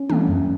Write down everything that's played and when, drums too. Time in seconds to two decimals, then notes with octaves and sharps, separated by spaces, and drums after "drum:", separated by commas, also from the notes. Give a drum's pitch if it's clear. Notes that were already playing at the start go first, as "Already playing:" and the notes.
Already playing: C#4
0.10 E3 A3, drum: tom
0.29 F#2